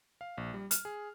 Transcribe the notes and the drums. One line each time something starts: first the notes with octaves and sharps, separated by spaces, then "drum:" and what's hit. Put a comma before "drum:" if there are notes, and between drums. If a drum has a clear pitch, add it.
F5
A#1
G3
F6, drum: hi-hat
G#4